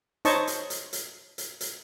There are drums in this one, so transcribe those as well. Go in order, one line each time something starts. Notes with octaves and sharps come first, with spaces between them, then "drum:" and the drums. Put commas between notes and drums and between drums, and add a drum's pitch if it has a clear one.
D#4 C5 C#5 D#5 A5 C#6, drum: hi-hat
drum: hi-hat
drum: hi-hat
drum: hi-hat
drum: hi-hat
drum: hi-hat